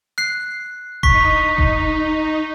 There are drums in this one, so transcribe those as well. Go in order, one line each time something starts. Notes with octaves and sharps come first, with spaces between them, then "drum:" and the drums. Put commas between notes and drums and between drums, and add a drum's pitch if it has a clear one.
F#6 C7
D#4 C#6 B6, drum: kick F1
drum: kick F1